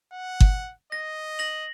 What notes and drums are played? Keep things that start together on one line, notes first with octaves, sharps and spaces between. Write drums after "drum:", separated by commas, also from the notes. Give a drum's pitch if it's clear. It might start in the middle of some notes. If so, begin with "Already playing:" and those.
F#5
drum: kick G1
D#5 A#6
A#6 F#7